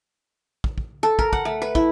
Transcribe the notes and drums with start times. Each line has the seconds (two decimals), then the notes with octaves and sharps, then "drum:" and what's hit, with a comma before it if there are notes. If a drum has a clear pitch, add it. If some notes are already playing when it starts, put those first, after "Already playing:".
0.64 drum: kick
0.78 drum: kick
1.03 A4
1.19 A#4, drum: kick
1.33 F#5, drum: kick
1.45 A3
1.62 B4
1.75 E4, drum: kick